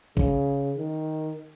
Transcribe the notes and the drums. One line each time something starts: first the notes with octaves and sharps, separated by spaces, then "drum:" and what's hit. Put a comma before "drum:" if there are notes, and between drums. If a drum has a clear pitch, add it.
C#3, drum: kick G#1
D#3